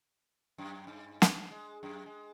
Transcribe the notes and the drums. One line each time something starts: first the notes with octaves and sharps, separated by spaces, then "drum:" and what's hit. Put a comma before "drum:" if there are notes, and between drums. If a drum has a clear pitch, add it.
F#2
G2
D4, drum: snare
G#3
F#2
G#3